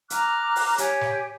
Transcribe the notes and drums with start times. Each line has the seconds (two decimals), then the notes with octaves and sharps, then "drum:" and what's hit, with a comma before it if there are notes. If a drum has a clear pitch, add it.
0.10 A#5 D6 F6 F#6, drum: hi-hat
0.56 drum: open hi-hat
0.78 G4 C#5 G#5, drum: hi-hat
1.01 drum: snare